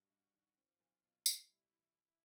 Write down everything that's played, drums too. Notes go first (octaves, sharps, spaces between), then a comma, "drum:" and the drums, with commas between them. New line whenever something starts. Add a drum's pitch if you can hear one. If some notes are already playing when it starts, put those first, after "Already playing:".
Already playing: G2 F#4
G2
D#3
C4 F4
B1
B2
A2 E4, drum: tambourine
G3
E3